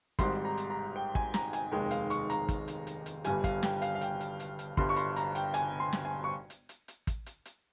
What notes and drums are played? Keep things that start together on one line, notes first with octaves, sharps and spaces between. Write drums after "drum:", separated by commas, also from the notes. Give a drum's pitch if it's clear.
G#1 G#2 G3 C6, drum: kick, hi-hat
A#5
drum: hi-hat
A#5
G5
G#5, drum: kick
A#5, drum: snare
G#5, drum: hi-hat
F1 D#2 D#3 G#3 G5
F5, drum: hi-hat
C#6, drum: hi-hat
A#5, drum: hi-hat
drum: kick, hi-hat
drum: hi-hat
drum: hi-hat
drum: hi-hat
G1 G2 G3 G#5, drum: hi-hat
F5, drum: kick, hi-hat
G5, drum: snare
F5, drum: hi-hat
F5
G5, drum: hi-hat
drum: hi-hat
drum: hi-hat
drum: hi-hat
G1 G2 G3 C6, drum: kick
C#6
C6, drum: hi-hat
A#5, drum: hi-hat
G5, drum: hi-hat
G#5, drum: hi-hat
C6
drum: snare
G#5
C#6
drum: hi-hat
drum: hi-hat
drum: hi-hat
drum: kick, hi-hat
drum: hi-hat
drum: hi-hat